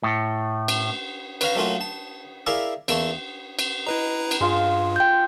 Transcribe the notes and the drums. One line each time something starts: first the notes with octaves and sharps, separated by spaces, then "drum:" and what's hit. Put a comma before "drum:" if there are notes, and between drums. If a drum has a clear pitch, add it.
A2
drum: cymbal
B4 C#5 F5 A#5, drum: cymbal
F#3 A3 A#3 C#4 F4 F#4
A5
E4 G#4 A#4 D5 E5 F5
E2 A#3 E4 A5 C#6, drum: cymbal
drum: cymbal
E4 B4 D#5 A#5
drum: cymbal
G2 G#3 F4
G5 G6